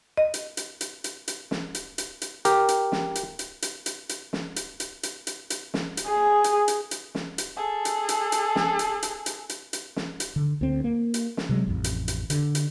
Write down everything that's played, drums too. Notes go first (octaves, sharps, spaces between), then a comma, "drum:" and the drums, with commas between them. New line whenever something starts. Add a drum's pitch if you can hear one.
D#5
drum: hi-hat
drum: hi-hat
drum: hi-hat
drum: hi-hat
drum: hi-hat
drum: snare
drum: hi-hat
drum: hi-hat
drum: hi-hat
G4 A#4, drum: hi-hat
drum: hi-hat
drum: snare
drum: hi-hat
drum: hi-hat
drum: hi-hat
drum: hi-hat
drum: hi-hat
drum: snare
drum: hi-hat
drum: hi-hat
drum: hi-hat
drum: hi-hat
drum: hi-hat
drum: snare
drum: hi-hat
G#4
drum: hi-hat
drum: hi-hat
drum: hi-hat
drum: snare
drum: hi-hat
G#4 A4
drum: hi-hat
drum: hi-hat
drum: hi-hat
drum: snare
drum: hi-hat
drum: hi-hat
drum: hi-hat
drum: hi-hat
drum: hi-hat
drum: snare
drum: hi-hat
D3
D2 C4
A#3
drum: hi-hat
drum: snare
C3 F#3 G#3
A1 F2
drum: hi-hat
drum: hi-hat
D3, drum: hi-hat
drum: hi-hat